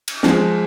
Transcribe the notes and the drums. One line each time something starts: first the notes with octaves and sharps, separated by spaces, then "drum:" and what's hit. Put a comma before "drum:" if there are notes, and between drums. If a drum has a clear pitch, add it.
drum: cymbal
F3 G#3, drum: snare